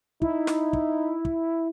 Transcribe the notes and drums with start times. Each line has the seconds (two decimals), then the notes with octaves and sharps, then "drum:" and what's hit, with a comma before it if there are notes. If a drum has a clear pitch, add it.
0.22 D#4 E4, drum: kick
0.47 drum: snare
0.73 drum: kick
1.25 drum: kick